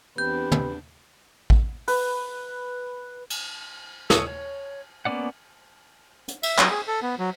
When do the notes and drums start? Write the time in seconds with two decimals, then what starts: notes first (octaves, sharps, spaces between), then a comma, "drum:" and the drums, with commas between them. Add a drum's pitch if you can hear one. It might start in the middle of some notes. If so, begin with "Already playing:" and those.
0.18 E2 C4 D4 G4 B4 G6
0.52 drum: tom
1.50 drum: kick A1
1.88 B4, drum: open hi-hat
3.30 drum: cymbal
4.10 A4 C#5 D#6, drum: snare
4.27 C#5
5.05 A#3 B3 C#4 D5 F#5
6.28 drum: hi-hat
6.43 E5, drum: cymbal
6.59 F#3, drum: clap
6.71 G#4
6.88 A4
7.02 B3
7.19 F#3